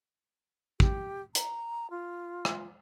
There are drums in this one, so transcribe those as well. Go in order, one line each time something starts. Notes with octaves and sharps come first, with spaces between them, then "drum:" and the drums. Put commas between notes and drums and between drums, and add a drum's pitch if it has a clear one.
G4, drum: kick
A#5, drum: hi-hat
F4
drum: rim click